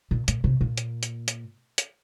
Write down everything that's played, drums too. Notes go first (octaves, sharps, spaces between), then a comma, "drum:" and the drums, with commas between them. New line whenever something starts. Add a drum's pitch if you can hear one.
A#2
A#2, drum: hi-hat
C3
A#2
drum: hi-hat
drum: hi-hat
drum: hi-hat
drum: hi-hat